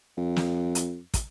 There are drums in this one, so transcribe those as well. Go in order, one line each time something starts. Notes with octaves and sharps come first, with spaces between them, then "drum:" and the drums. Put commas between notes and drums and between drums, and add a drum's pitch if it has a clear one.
F2
drum: snare
drum: hi-hat
drum: kick, hi-hat